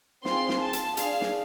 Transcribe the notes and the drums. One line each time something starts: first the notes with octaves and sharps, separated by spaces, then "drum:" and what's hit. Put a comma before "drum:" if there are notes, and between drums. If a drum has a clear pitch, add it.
C4 F4 G#4 C6, drum: snare
drum: snare
A5
drum: hi-hat
D4 G#4 F5, drum: hi-hat
drum: snare